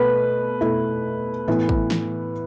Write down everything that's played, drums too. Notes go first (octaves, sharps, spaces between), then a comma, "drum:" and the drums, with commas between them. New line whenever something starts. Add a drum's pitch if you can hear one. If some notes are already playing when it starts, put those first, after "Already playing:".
Already playing: B2 A3 B4
B2 A3 E4
A2 E3 B3
drum: kick
drum: snare